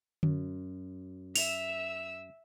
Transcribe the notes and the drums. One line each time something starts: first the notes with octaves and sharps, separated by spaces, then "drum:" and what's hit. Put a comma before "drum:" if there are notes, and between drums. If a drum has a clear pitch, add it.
F#2, drum: tom D3
E5 E6 F7, drum: open hi-hat